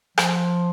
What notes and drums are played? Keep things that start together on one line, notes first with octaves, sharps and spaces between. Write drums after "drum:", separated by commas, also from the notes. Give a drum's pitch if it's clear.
F3, drum: rim click